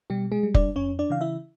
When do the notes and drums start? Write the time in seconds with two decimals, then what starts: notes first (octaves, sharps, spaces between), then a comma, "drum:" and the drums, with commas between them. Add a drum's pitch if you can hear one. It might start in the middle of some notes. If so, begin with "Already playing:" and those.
0.10 B2 G3 G4
0.32 G#3 G#4
0.43 G3
0.54 D4 D5, drum: kick F1
0.76 F2 C#4 C#5
0.99 D4 D5
1.10 C#3 E3 F5
1.21 E4 E5